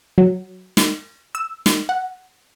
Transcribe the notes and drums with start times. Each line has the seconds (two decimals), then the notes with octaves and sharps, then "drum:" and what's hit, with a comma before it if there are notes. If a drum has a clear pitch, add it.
0.18 F#3
0.77 drum: snare
1.35 E6
1.66 drum: snare
1.89 F#5